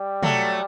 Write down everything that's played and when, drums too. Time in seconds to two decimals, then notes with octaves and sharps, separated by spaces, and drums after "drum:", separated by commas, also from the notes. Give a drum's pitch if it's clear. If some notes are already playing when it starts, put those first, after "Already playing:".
Already playing: G3
0.23 F#3 A3, drum: tom